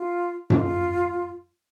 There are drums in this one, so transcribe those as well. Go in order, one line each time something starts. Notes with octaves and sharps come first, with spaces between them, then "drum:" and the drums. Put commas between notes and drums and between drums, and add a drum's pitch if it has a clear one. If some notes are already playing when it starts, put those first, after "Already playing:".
Already playing: F4
F4, drum: tom F#2